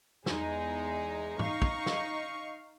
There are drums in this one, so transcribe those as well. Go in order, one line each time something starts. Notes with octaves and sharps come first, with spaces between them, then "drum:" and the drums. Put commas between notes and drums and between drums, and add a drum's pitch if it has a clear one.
E2 G#3 D#4, drum: snare
D#4 F5 C#6, drum: tom G#2
drum: kick
drum: snare